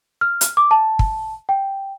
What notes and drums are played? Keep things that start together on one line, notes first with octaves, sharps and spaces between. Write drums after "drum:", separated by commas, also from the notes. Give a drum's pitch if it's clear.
F6
drum: hi-hat
D6
A5
drum: kick
G5